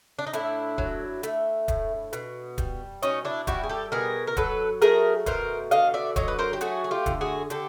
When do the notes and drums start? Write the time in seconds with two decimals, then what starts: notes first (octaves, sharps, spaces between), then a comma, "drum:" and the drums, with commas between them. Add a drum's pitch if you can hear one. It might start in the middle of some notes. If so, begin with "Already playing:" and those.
0.19 D4
0.27 D#4
0.33 A2 D4 E4, drum: hi-hat
0.78 F#3, drum: kick D1
1.23 A3, drum: hi-hat
1.68 A2, drum: kick D1, hi-hat
2.13 B2, drum: hi-hat
2.58 G3, drum: kick D1, hi-hat
3.03 B2 C#4 D#4, drum: hi-hat
3.25 D4 E4
3.47 G3 E4 F#4, drum: kick D1, hi-hat
3.63 G#4
3.69 G4 A4
3.92 B2 G#4 A#4
4.27 A#4
4.37 F#3 A4 B4, drum: kick D1, hi-hat
4.82 A3 G#4 A#4, drum: hi-hat
5.26 B2 A#4 C5, drum: kick D1, hi-hat
5.71 D3 D#5 F5, drum: hi-hat
5.94 D5 E5
6.16 F#3 C#5 D#5, drum: kick D1, hi-hat
6.28 B4
6.39 A#4 C5
6.53 G4
6.61 A3 F#4 G#4, drum: hi-hat
6.84 G#4
6.91 F4 G4
7.06 D3, drum: kick D1, hi-hat
7.21 F#4 G#4
7.50 D3 G4 A4, drum: hi-hat